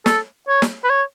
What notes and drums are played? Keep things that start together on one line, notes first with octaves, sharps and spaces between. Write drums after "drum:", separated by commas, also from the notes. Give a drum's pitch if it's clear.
A4, drum: snare
C#5
drum: snare
B4
C#5